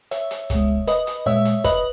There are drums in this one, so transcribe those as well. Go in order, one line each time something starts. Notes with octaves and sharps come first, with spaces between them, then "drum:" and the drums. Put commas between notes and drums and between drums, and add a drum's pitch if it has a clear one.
C#5 E5, drum: hi-hat
drum: hi-hat
C#2 B2 G#3, drum: kick, hi-hat
B4 D#5, drum: hi-hat
drum: hi-hat
A#2 G#3 C#5 E5
drum: hi-hat
B4 D#5, drum: kick, hi-hat